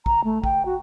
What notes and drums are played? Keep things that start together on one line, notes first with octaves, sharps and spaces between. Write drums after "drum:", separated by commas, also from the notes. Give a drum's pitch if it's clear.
A#5, drum: kick
A3
G5, drum: kick
F#4